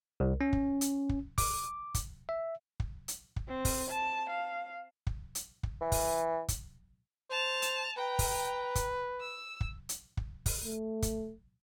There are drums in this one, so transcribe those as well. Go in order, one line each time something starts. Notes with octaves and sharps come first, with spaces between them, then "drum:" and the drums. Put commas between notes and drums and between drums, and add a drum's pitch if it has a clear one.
C2
C#4
drum: kick
drum: hi-hat
drum: kick
D6, drum: kick, open hi-hat
drum: kick, hi-hat
E5
drum: kick
drum: hi-hat
drum: kick
C4
drum: kick, open hi-hat
A5
F5
drum: kick
drum: hi-hat
drum: kick
E3
drum: kick, open hi-hat
drum: kick, hi-hat
C5 A5 F7
drum: hi-hat
B4 G5 A#5
drum: kick, open hi-hat
drum: kick, hi-hat
E6
drum: kick
drum: hi-hat
drum: kick
drum: kick, open hi-hat
A3
drum: kick, hi-hat